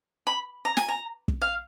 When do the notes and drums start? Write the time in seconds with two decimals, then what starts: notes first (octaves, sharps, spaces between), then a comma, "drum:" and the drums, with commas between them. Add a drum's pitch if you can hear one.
0.27 B5
0.65 A#5
0.77 G#5, drum: snare
0.88 A#5
1.28 drum: kick
1.42 F5